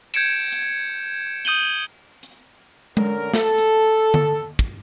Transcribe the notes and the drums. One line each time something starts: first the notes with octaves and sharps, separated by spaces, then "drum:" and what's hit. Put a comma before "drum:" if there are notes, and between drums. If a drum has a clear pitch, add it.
G6 G#6 C#7 D7 E7, drum: cymbal
drum: hi-hat
D#6 G6 D#7 F#7 G7, drum: hi-hat
drum: hi-hat
D3 C#4 A#4, drum: tom G#3
A4, drum: snare
drum: hi-hat
drum: tom D3
drum: kick